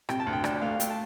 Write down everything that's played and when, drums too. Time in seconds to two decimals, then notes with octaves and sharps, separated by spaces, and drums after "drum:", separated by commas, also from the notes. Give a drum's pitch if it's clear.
0.09 C3 G5, drum: rim click
0.20 A5
0.27 D2
0.33 G5
0.44 D4 G5, drum: rim click
0.61 A3 F5
0.80 A3 G5, drum: hi-hat
0.90 A5